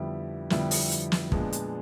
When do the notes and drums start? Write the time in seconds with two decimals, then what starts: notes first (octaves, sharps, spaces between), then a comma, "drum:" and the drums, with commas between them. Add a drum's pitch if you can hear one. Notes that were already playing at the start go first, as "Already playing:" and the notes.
Already playing: F2 D3 G3 B3 E4
0.50 F2 D3 G3 B3 E4, drum: snare
0.71 drum: open hi-hat
0.91 drum: hi-hat
1.12 drum: snare
1.32 A#2 F3 G#3 B3 D4, drum: kick
1.53 drum: hi-hat